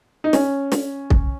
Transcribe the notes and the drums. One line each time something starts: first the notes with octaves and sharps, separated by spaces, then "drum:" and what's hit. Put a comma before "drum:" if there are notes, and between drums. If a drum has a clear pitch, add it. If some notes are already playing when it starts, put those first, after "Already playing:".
D#4
C#4, drum: snare
drum: snare
drum: kick